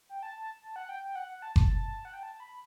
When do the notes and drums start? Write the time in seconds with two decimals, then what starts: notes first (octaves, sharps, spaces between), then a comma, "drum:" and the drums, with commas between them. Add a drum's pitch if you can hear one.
0.09 G5
0.23 A5
0.36 A5
0.63 A5
0.76 F#5
0.89 G5
1.03 G5
1.16 F#5
1.29 F#5
1.42 A5
1.56 A5, drum: kick F#1
2.05 F#5
2.13 G5
2.23 A5
2.40 B5